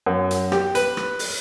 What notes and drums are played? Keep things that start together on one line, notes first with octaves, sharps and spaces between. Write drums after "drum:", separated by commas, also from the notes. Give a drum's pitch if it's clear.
F#2
drum: hi-hat
G4, drum: rim click
B4, drum: hi-hat
drum: rim click
drum: open hi-hat